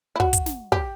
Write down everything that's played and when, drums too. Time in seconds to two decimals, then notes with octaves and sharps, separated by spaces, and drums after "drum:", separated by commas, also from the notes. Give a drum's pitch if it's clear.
0.16 E4
0.20 F#4, drum: kick
0.33 drum: kick, hi-hat
0.46 drum: snare
0.72 G4, drum: kick